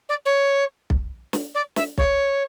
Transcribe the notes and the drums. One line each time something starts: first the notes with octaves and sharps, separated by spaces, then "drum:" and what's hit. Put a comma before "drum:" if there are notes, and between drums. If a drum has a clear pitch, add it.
D5
C#5
drum: kick B1
drum: snare
D5
E5, drum: snare
C#5, drum: kick B1